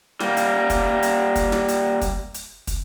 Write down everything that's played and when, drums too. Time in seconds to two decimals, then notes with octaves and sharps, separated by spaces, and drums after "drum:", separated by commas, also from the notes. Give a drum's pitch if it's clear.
0.20 G3 A#3, drum: snare
0.37 drum: hi-hat
0.70 drum: kick, hi-hat
1.03 drum: hi-hat
1.36 drum: kick, hi-hat
1.52 drum: snare
1.69 drum: hi-hat
2.02 drum: kick, hi-hat
2.34 drum: hi-hat
2.67 drum: kick, hi-hat